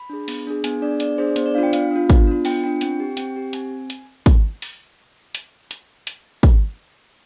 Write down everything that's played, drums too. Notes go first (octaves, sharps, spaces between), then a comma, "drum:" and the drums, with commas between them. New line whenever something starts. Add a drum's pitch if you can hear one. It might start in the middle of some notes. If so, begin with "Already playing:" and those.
Already playing: B5
D4 G#4
B3, drum: open hi-hat
D4 G#4
B3 G#5, drum: hi-hat
D4 G#4 D5
B3 D5, drum: hi-hat
D4 G#4 C5
B3 C5, drum: hi-hat
D5
D4 F4 F5
G5
B3 F5, drum: hi-hat
D4
F4
B3, drum: kick, hi-hat
D4 F4
B3 G5, drum: open hi-hat
D4 F4 G5
C4 G5, drum: hi-hat
G4
C4 G5, drum: hi-hat
G4
C4 G#5, drum: hi-hat
drum: hi-hat
drum: kick, hi-hat
drum: open hi-hat
drum: hi-hat
drum: hi-hat
drum: hi-hat
drum: kick, hi-hat